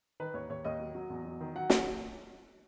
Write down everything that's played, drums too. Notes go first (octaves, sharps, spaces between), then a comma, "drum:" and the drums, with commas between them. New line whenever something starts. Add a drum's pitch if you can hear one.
D#3 B4
D#2 C#5
D#2 C#5
D#2 D#5
F#3
F#3
E2
F#3
D#3
F#3 F#5
drum: snare